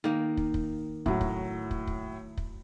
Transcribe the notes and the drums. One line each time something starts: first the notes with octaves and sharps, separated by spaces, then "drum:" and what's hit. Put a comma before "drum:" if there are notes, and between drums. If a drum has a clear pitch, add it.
D#3 A#3
drum: kick
drum: kick
A2 F#3, drum: kick
drum: kick
drum: kick
drum: kick
drum: kick